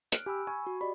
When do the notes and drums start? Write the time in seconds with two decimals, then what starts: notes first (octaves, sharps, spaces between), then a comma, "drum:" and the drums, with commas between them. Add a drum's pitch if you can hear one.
0.12 F6 F#6 D7, drum: hi-hat
0.26 G4 G#5 B5 E6
0.47 G#5 B5 C#6
0.67 F#4
0.81 G4 D5 D#5 B5